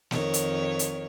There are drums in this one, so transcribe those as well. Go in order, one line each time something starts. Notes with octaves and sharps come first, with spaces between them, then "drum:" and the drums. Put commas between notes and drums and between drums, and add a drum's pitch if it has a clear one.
F2 D#3 C#5, drum: snare
drum: hi-hat
drum: hi-hat